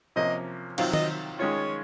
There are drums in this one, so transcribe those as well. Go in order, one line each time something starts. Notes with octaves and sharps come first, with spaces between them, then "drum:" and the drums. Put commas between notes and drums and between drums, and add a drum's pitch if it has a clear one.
C3 F3 A#3 C#4 D#5
C3 D#3 F#3 C4 F4 F5, drum: cymbal
D#5, drum: tom D#3
D#3 G#3 C#4 F4 C#5